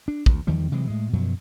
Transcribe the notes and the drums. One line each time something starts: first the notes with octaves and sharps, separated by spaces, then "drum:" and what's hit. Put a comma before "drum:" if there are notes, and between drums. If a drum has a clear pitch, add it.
D4
D2, drum: kick
E2 D#3 F3 G3
C3 E3 F#3 G#3
A2 G#3
F#2 B2 F3 F#3